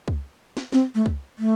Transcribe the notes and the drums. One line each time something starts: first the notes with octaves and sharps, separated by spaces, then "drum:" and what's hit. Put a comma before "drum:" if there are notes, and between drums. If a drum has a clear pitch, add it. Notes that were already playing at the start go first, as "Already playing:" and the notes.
drum: kick
drum: snare
C4, drum: snare
A3
drum: kick
A3